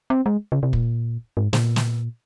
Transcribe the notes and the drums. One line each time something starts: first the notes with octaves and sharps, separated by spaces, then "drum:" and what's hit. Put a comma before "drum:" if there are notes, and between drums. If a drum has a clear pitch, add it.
C4
G#3
C#3
C3
A#2, drum: kick
G#2
A#2, drum: snare
drum: snare